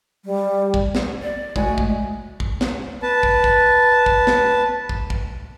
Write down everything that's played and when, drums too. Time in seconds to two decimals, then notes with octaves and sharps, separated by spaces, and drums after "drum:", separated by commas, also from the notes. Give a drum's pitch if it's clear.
0.25 G3
0.74 drum: kick
0.95 drum: snare
1.22 D5
1.56 G#3 F#4 G#5, drum: kick
1.67 A3
1.78 drum: kick
2.40 drum: kick
2.61 drum: snare
3.02 B4 A5
3.23 drum: kick
3.44 drum: kick
4.06 drum: kick
4.27 drum: snare
4.89 drum: kick
5.10 drum: kick